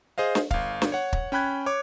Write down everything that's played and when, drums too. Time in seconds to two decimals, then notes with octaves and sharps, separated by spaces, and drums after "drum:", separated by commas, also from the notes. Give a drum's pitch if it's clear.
0.18 G#4 C5 D#5 F5
0.35 drum: snare
0.51 G1 F5, drum: kick
0.82 drum: snare
0.92 C#5 F#5
1.13 drum: kick
1.32 C#4 G5 B5 F#6 G#6
1.66 C#5 C#6 D6